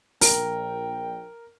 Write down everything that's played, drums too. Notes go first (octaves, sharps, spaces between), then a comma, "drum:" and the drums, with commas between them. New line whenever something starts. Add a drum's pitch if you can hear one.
A#1 A#4 G5, drum: open hi-hat